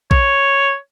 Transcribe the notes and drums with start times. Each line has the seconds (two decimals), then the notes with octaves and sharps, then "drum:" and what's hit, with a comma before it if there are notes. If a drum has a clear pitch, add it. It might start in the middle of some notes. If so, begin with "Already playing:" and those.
0.11 C#5, drum: kick A#1